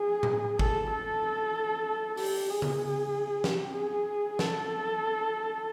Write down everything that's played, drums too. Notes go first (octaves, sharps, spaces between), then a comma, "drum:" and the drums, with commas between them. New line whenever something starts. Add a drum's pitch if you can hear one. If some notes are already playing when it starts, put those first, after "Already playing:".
Already playing: G#4
drum: tom A2
A4, drum: kick
A4
G4, drum: open hi-hat
G#4
drum: tom C#3
G4, drum: snare
G#4
A4, drum: snare